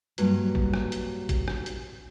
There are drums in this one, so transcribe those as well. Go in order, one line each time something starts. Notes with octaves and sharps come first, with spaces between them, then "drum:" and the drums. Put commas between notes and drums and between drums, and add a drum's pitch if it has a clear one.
G2 A#2 F#3 G3, drum: hi-hat
drum: kick
drum: rim click
drum: hi-hat
drum: kick, hi-hat
drum: rim click
drum: hi-hat